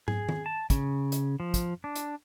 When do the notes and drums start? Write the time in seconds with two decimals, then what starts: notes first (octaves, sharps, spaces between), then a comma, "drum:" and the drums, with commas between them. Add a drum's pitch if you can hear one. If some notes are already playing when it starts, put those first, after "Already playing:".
0.08 G#4, drum: tom
0.29 drum: tom D#3
0.46 A5
0.70 C#3, drum: kick, hi-hat
1.12 drum: hi-hat
1.40 F3
1.54 drum: kick, hi-hat
1.84 D4
1.96 drum: hi-hat